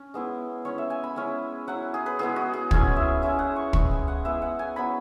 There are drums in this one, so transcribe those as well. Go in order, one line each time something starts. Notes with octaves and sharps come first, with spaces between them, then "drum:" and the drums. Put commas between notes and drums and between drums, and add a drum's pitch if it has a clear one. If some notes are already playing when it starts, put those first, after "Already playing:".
Already playing: C#4
G#3 B3 E4
G#3 C#4 E4 C#5
E5
G#5
B5
G#3 C#4 E4
F#3 E4 F#5
G#4
B4
G#3 B3 E4 G#4
F#4
G#4
G#3 C#4 E4 G#5, drum: kick
E5
G#3 C#4 E4 E5
F#5
C#6
G#3 E4 C#6, drum: kick
G#5
F#5
G#3 B3 E4 E5
F#5
G#5
F#3 B3 E4 B5